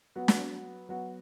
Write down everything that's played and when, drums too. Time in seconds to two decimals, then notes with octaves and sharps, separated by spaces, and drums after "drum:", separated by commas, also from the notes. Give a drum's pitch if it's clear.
0.16 F#3 B3 F#4
0.28 drum: snare
0.89 F#3 B3 F#4